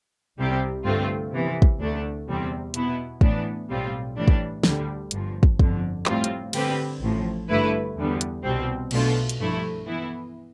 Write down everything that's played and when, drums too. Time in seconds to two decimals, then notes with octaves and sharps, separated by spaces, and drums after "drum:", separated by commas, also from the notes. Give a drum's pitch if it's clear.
0.37 C2 C3 G3 C4 G4
0.84 G2 D3 A3 C4 F4
1.32 C3 E3 B3
1.62 drum: kick
1.79 D2 D3 A3 D4
2.27 E2 C3 G3 C4
2.74 B2 B3 E4, drum: hi-hat
3.21 A2 E3 B3 D4, drum: kick
3.69 B1 A2 G3 C4 F4
4.17 A2 E3 G3 D4
4.28 drum: kick
4.63 D2 D3 G3, drum: snare
5.11 G1 G2 F3, drum: hi-hat
5.43 drum: kick
5.59 G1 F2 D3, drum: kick
6.06 A2 G3 C4 F4, drum: clap
6.24 drum: hi-hat
6.53 D3 G3 C4 G4 B4, drum: cymbal
7.01 A1 A2 F3
7.49 G2 D3 A3 E4 B4
7.96 E2 D3 G3 B3
8.21 drum: hi-hat
8.44 C2 B2 G3 C4
8.91 B1 B2 A3 D4 F4, drum: cymbal
9.29 drum: hi-hat
9.38 G2 F3 A3 E4
9.86 E3 B3 E4